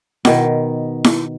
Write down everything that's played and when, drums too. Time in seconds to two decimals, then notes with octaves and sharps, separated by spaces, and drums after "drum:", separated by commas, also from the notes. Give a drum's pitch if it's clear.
0.25 B2 D#3, drum: snare E4
1.04 drum: snare E4